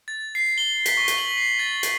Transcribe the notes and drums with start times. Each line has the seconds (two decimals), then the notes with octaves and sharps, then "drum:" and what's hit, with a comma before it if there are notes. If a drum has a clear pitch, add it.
0.08 A6
0.35 C7
0.58 G7
0.86 B6, drum: hi-hat
0.97 C#6
1.08 drum: hi-hat
1.18 F#7
1.38 C7
1.59 A6
1.83 drum: hi-hat